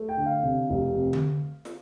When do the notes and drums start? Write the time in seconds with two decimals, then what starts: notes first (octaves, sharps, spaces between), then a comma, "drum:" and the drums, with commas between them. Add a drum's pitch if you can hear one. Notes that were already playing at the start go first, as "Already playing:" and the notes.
Already playing: A3
0.09 G5
0.17 D3
0.26 F5
0.43 C3
0.70 F1
0.96 C3
1.13 drum: tom D3
1.65 drum: snare